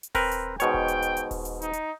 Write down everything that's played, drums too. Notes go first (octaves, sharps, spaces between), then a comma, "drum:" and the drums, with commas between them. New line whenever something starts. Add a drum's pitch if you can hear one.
drum: hi-hat
C4 A#4 B4, drum: kick D#1, open hi-hat
drum: hi-hat
G#2 B2 C#5 G5, drum: hi-hat
drum: kick D#1
drum: hi-hat
drum: hi-hat
drum: hi-hat
drum: kick D#1, open hi-hat
drum: hi-hat
D#4, drum: hi-hat
drum: hi-hat